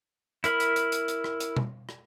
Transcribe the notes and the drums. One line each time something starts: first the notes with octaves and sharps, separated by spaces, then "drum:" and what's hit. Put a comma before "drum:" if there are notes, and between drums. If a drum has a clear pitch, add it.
E4 A#4 B5, drum: hi-hat
drum: hi-hat
drum: hi-hat
drum: hi-hat
drum: hi-hat
drum: rim click
drum: hi-hat
drum: tom B2
drum: rim click